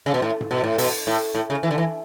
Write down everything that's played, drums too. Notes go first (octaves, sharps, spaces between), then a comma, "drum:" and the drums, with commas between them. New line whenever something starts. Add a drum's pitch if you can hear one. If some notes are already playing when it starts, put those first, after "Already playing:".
C#3
B2
A2
drum: tom G#2
B2
A2
B2, drum: open hi-hat
A2
A2
C#3
E3
D3
E3